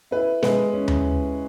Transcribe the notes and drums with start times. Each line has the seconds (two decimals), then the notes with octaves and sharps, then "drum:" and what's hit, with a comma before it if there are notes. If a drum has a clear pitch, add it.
0.11 E4 B4
0.43 G#3 B4, drum: snare
0.73 C#4
0.88 drum: tom D#2